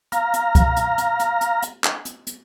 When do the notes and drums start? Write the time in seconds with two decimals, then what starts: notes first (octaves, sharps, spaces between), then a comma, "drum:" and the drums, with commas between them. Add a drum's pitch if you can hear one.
0.12 F5 A#5, drum: hi-hat
0.34 drum: hi-hat
0.55 drum: kick C#2, hi-hat
0.76 drum: hi-hat
0.98 drum: hi-hat
1.19 drum: hi-hat
1.41 drum: hi-hat
1.62 drum: hi-hat
1.84 drum: clap
2.05 drum: hi-hat
2.27 drum: hi-hat